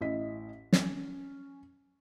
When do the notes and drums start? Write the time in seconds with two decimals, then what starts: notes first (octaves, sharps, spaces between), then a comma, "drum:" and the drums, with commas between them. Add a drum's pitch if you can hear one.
0.01 A1 E4 D#5 B6
0.73 C#4, drum: snare